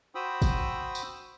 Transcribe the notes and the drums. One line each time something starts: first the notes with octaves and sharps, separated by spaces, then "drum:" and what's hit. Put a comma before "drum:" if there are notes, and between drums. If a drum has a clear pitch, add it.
F#4 C5 G5 B5 D#6 E6
drum: kick, tambourine
drum: tambourine